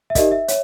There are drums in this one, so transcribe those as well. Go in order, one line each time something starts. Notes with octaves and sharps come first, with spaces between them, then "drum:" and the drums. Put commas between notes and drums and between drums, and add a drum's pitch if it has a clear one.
E5
D#4 G4 A#4 D5 D#5, drum: kick, hi-hat
E5
C#5, drum: hi-hat